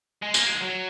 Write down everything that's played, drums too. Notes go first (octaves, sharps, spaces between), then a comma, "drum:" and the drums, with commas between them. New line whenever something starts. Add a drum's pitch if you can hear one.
G#3
A#3, drum: tambourine
G#3
D#3
F#3